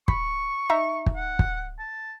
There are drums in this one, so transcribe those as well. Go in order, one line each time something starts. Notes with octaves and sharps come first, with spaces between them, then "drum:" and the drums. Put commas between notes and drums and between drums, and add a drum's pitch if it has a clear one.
B5 C#6, drum: kick
D#4 E5 A#5
drum: kick
F#5
drum: kick
A5